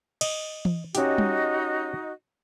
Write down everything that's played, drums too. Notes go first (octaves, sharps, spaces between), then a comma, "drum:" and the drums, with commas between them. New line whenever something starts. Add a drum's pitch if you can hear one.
D#5, drum: cymbal
drum: tom E3
C#4 D#4 F#4 G4 D#5, drum: hi-hat
drum: tom G3